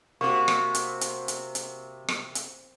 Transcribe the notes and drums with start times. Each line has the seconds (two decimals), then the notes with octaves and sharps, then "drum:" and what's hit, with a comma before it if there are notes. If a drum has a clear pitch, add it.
0.21 C3 A#3 F#4 C#6
0.48 drum: rim click
0.75 drum: hi-hat
1.01 drum: hi-hat
1.28 drum: hi-hat
1.55 drum: hi-hat
2.08 drum: rim click
2.35 drum: hi-hat